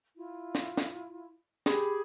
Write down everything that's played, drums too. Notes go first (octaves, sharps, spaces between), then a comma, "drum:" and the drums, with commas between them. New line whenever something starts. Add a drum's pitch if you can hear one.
E4 F4
drum: snare
drum: snare
G4 G#4 B5, drum: snare